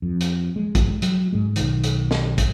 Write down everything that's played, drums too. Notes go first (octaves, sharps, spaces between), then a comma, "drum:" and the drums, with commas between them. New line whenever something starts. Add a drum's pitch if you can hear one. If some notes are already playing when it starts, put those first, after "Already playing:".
F2
drum: hi-hat
G#3
drum: kick, hi-hat
F#3, drum: hi-hat
G#2 G#3
B1 D#3, drum: hi-hat
drum: hi-hat
drum: snare
drum: kick, hi-hat